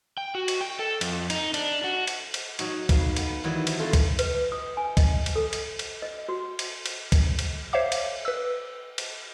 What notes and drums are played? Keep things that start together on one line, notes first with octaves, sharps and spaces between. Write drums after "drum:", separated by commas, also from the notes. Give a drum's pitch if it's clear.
G5
F#4
drum: cymbal
G5
A4
F2, drum: cymbal
D#4, drum: cymbal
D4, drum: cymbal
F#4
drum: cymbal
drum: cymbal
F#3 D#4 F#4, drum: cymbal
B4 F5, drum: kick C2, cymbal
B3, drum: cymbal
D#3 E3 F#3 G3 B3
drum: cymbal
A3 C4 F4 B4
drum: kick C2, cymbal
B4, drum: cymbal
D#6
G#5
D#5, drum: kick C2, cymbal
drum: cymbal
A4
drum: cymbal
drum: cymbal
D#5
F#4
drum: cymbal
drum: cymbal
drum: kick C2, cymbal
drum: cymbal
C5 C#5 E5 F5 D6
drum: cymbal
B4 E6
drum: cymbal